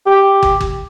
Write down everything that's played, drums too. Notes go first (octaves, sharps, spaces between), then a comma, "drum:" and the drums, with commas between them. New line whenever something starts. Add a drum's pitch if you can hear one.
G4
drum: kick
drum: kick